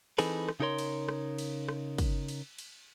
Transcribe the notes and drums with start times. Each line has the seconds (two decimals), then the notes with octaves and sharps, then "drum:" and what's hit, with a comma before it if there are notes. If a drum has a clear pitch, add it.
0.18 E3 C4 D#4 G#4 A4 B4, drum: cymbal
0.48 drum: rim click
0.60 C#3 D#4 G4 A#4 C#5 C6
0.78 drum: cymbal
1.08 drum: rim click
1.38 drum: cymbal
1.68 drum: rim click
1.98 drum: kick, cymbal
2.28 drum: cymbal
2.58 drum: cymbal